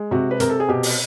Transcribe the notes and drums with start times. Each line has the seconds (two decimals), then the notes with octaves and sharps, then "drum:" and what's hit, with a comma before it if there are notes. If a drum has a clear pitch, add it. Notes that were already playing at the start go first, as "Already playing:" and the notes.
Already playing: G#3
0.11 C3 F#4
0.31 B4
0.40 C3 A#4, drum: hi-hat
0.50 A4
0.60 G#4
0.69 B2 G4
0.83 drum: open hi-hat